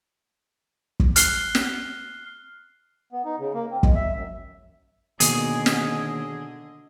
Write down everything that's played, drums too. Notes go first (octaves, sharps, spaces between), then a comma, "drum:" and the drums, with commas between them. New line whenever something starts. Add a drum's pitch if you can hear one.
drum: kick
F6 F#6 C7 G7, drum: hi-hat
drum: snare
B3
D#4
C#3
A#3
C4
G#3, drum: kick
E5
F#2
B2 D3 D#3 A#3 G#4 D#5, drum: hi-hat
drum: snare